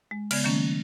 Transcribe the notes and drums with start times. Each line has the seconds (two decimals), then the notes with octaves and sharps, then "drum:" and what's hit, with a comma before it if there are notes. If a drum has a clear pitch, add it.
0.11 G#3
0.31 C#3 G#3 B3 D5 F6 G#6, drum: cymbal
0.44 D#3 F#3 A3 A#3 C#4